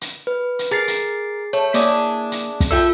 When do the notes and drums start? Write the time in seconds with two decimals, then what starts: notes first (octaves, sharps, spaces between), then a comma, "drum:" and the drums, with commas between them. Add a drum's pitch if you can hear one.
0.01 drum: hi-hat
0.27 B4
0.59 drum: hi-hat
0.71 G#4 A#4 A6 C7
0.88 drum: hi-hat
1.53 A3 C#5
1.74 A#3 D4 E4 G#4, drum: hi-hat
2.32 drum: hi-hat
2.60 drum: kick, hi-hat
2.71 F4 A4 E5 G5 E6